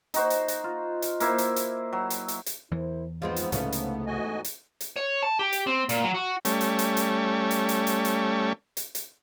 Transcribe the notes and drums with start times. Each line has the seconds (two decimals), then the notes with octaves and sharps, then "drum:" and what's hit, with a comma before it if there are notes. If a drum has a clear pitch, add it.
0.14 D#4 F#4 C5, drum: hi-hat
0.30 drum: hi-hat
0.48 drum: hi-hat
0.64 F4
1.02 drum: hi-hat
1.20 A#3 E4 C5, drum: hi-hat
1.38 drum: hi-hat
1.56 drum: hi-hat
1.93 F#3
2.10 drum: hi-hat
2.28 drum: hi-hat
2.46 drum: hi-hat
2.71 E2 E3 E4 A#4 C5
3.22 G#2 F3 G#3 B3 C4 F4
3.36 drum: hi-hat
3.52 C#2 A2 C3 A3 C#4 F5, drum: hi-hat
3.72 drum: hi-hat
4.07 E2 G#2 F#4 D#5 G#5
4.44 drum: hi-hat
4.81 drum: hi-hat
4.96 C#5
5.23 A5
5.39 G4
5.53 drum: hi-hat
5.67 C4
5.89 A#2, drum: hi-hat
6.03 F#3
6.14 F#4
6.45 G3 A3 C#4, drum: hi-hat
6.61 drum: hi-hat
6.79 drum: hi-hat
6.97 drum: hi-hat
7.51 drum: hi-hat
7.69 drum: hi-hat
7.87 drum: hi-hat
8.05 drum: hi-hat
8.77 drum: hi-hat
8.95 drum: hi-hat